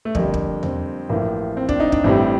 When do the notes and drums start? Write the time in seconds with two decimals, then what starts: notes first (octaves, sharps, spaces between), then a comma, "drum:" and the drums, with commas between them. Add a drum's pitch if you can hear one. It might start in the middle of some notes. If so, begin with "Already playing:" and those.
0.05 A3
0.15 F2 D3 G3 A#3, drum: kick
0.34 drum: kick
0.63 C4, drum: tom E2
1.09 A1 A2 F3 A#3
1.57 C4
1.69 D4, drum: kick
1.80 D#4
1.92 D4, drum: kick
2.04 A1 A2 G3 C4